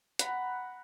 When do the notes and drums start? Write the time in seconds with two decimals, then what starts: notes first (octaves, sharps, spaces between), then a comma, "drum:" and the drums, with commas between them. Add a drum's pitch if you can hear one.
0.19 F#5 A#5 B5, drum: hi-hat